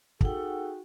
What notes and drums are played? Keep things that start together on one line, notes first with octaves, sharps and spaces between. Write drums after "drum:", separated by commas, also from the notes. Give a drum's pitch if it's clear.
D#4 F#4 G#4 A4 F#5 G5, drum: kick